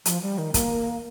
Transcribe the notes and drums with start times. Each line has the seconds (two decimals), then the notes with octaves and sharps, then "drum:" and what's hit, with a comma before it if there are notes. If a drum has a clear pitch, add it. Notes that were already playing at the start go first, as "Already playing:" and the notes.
0.05 F3, drum: hi-hat
0.22 G3
0.38 D#3
0.54 A#3, drum: kick, hi-hat